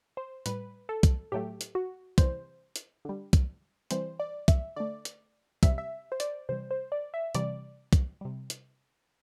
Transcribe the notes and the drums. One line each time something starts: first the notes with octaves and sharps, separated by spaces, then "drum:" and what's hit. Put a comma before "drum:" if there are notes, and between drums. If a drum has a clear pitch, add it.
C5
A2 G3 B4, drum: hi-hat
A4
drum: kick, hi-hat
A2 F#3 A3 G4
drum: hi-hat
F#4
C3 E3 G3 C5, drum: kick, hi-hat
drum: hi-hat
D3 G3
drum: kick, hi-hat
C3 E3 G3 C5, drum: hi-hat
D5
E5, drum: kick, hi-hat
D3 A3 D5
drum: hi-hat
C3 G3 E5, drum: kick, hi-hat
E5
C5
D5, drum: hi-hat
C3 E3 G3 C5
C5
D5
E5
C3 E3 G3 D5, drum: hi-hat
drum: kick, hi-hat
C3 G3
drum: hi-hat